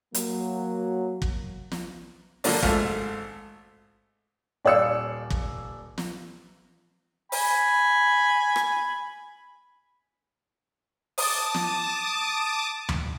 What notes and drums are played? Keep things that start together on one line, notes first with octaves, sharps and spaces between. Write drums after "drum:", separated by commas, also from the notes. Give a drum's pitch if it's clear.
F#3 A#3, drum: hi-hat
drum: kick
drum: snare
F#2 D3 F3 A#3 D4, drum: open hi-hat
G#1 G#2 A3 F5, drum: kick
D#1 D5 F5 E6 C#7
drum: kick
drum: snare
G#5 B5, drum: open hi-hat
drum: rim click
A5 D6 D#6, drum: open hi-hat
drum: snare
drum: tom D2